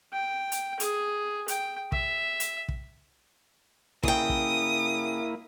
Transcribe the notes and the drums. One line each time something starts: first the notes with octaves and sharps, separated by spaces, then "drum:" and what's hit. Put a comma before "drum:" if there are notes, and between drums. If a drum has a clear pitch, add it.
G5
drum: hi-hat
G#4, drum: hi-hat
G5, drum: hi-hat
E5, drum: kick
drum: hi-hat
drum: kick
C#3 A#3 E4 G5 D#6, drum: kick
drum: kick